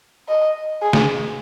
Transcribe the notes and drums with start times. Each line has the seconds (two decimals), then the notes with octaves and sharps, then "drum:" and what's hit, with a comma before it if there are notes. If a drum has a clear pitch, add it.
0.28 D#5
0.82 G#4
0.93 drum: snare